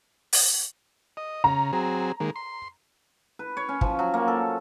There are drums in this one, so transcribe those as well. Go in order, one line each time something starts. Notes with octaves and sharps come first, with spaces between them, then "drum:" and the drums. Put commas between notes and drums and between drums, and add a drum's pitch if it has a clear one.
drum: open hi-hat
D#5
C#3 A#5
F#3 C4 G#4
D#3 G#3 A#3
C6
B4
C#5
C#4
F3, drum: kick
F#3
A#3
A4